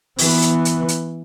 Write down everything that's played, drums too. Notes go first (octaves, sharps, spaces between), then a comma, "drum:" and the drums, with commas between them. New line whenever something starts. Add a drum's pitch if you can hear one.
E3 B3, drum: open hi-hat
drum: hi-hat
drum: hi-hat
drum: hi-hat